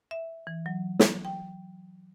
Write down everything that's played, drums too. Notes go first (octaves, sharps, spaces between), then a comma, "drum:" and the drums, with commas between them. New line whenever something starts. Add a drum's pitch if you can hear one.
E5
E3
F#3
drum: snare
G5